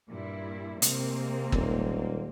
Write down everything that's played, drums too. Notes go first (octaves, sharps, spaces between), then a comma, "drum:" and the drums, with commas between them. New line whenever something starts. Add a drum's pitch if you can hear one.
G2 A#2 E4
C3 G#3 A#3 C4, drum: hi-hat
D#1, drum: kick